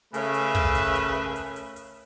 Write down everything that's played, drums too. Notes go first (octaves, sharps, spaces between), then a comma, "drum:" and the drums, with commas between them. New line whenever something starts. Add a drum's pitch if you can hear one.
C#3 A3 C#4 A#4 B4 E5, drum: hi-hat
drum: hi-hat
drum: kick, hi-hat
drum: hi-hat
drum: hi-hat
drum: hi-hat
drum: hi-hat
drum: hi-hat